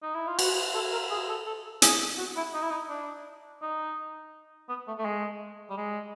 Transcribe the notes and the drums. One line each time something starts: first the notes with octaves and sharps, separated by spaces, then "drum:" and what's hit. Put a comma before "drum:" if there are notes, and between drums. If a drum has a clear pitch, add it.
D#4
E4
F4
F#4, drum: cymbal
A4
A#4
G#4
A4
A4
G#4, drum: hi-hat
F#4
E4
D#4
E4
D#4
D4
D#4
B3
A3
A3
G#3
G3
G#3